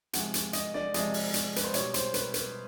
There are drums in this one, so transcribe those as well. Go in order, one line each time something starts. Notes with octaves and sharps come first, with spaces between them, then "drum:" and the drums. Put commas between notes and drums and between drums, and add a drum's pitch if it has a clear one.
C3 F3 G#3 F#5, drum: hi-hat
drum: hi-hat
D#5, drum: hi-hat
D5, drum: snare
C3 F3 G#3 D#5, drum: hi-hat
drum: open hi-hat
drum: hi-hat
B4, drum: hi-hat
C5
B2 G3 C#5, drum: hi-hat
C5, drum: hi-hat
B4, drum: hi-hat
B4, drum: hi-hat